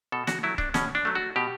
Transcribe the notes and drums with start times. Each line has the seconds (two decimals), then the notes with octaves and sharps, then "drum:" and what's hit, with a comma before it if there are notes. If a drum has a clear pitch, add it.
0.12 B2 A4
0.27 F#4, drum: snare
0.43 F#3 A3 E4
0.58 D4, drum: kick C#1
0.74 B2 C#4, drum: snare
0.95 D4
1.05 F#3 A3
1.15 F#4
1.36 B2 G4